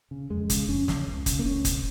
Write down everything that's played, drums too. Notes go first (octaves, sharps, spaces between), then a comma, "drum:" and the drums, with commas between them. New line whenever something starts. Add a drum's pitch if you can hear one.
C#3
F2 G#3
C#3, drum: kick, hi-hat
F2 C#4
C#3, drum: snare
C#2
C#3, drum: kick, hi-hat
A#3
C#2 C#4
C#3, drum: kick, hi-hat